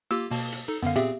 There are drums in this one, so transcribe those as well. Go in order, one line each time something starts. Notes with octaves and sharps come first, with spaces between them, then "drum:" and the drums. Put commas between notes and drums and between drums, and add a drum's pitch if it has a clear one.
A#3 F4 G4 E6
B2 A#3 A5, drum: open hi-hat
drum: hi-hat
D#4 A4
F#2 D3 B3 F5
A#2 C4 G4 G#4 E5, drum: hi-hat